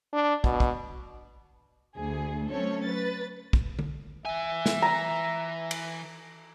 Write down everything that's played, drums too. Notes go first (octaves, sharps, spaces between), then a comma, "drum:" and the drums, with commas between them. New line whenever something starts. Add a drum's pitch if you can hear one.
D4
B2, drum: kick
drum: kick
D2 G#4
F#3 A3 C4 C#4 A4 C#5
B4 A6
drum: kick
drum: tom D3
E3 E5 G#5
drum: snare
A#5
drum: cymbal